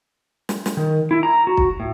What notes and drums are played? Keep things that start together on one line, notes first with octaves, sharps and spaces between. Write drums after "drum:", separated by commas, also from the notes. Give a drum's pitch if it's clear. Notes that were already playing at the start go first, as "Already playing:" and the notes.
drum: snare
drum: snare
D#3
E4
A#5
F#4
drum: kick B1
A2